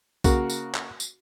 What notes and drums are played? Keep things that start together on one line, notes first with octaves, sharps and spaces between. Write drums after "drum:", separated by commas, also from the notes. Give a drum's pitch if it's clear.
C#3 A#3 F#4, drum: kick, tambourine
drum: tambourine
drum: clap
drum: tambourine